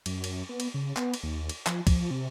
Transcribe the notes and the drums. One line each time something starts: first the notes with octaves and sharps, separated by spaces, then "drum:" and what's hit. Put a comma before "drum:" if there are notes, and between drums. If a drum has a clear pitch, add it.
F#2, drum: cymbal
drum: cymbal
B3
drum: cymbal
C#3
B3, drum: clap
drum: cymbal
D#2
drum: cymbal
F3, drum: clap
F3, drum: kick, cymbal
C3